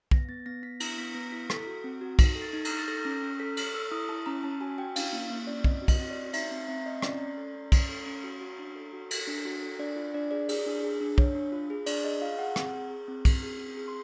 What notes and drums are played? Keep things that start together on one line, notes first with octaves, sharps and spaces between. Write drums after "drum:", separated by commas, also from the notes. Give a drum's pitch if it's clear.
B3 A#6, drum: kick
B3 A6
B3 A#6
B3 B6
E4 A#6, drum: cymbal
B3 B6
B3 A#6
E4 B6
A4 B6, drum: rim click
F#4
C4
F#4
D#4 A#6, drum: kick, cymbal
A4
A6
D#4
A#6, drum: cymbal
D#4
A6
A4 A#6
C#4 A#6
C#4
A4 B6
A4 F6, drum: cymbal
A4 E6
E4 D#6
E4 A5
C#4 A#5
C#4 A5
F#4 G#5
F#4 G5
C#4 F5, drum: cymbal
A#3
A#3
C#4 D5
C4 D#5, drum: kick
F#4
D#5, drum: kick, cymbal
C4
D5
F#4
D#4 E5, drum: cymbal
C4
C4 E5
C4 D#5
C#4 D5, drum: rim click
C#4
A4
C#4
C#4, drum: kick, cymbal
A4
C#4
F#4
F#4
D4
A4
F#4
A4, drum: cymbal
D4
F#4
A4
D4 D5
F4
D4 D5
G#4 D5
G#4 D5, drum: cymbal
D4
G#4
D4
D4 C#5, drum: kick
D4
F4
G#4
D4 D5, drum: cymbal
G#4 D#5
F4 F5
G#4 F#5
C4, drum: rim click
G#4
G#4
C4
C4, drum: kick, cymbal
G#4
C4
G#4
C6